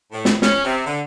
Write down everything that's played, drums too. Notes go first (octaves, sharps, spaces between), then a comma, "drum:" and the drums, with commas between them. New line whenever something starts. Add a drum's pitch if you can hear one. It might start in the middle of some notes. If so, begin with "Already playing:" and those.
A2
drum: snare
C#4, drum: snare
C3
D3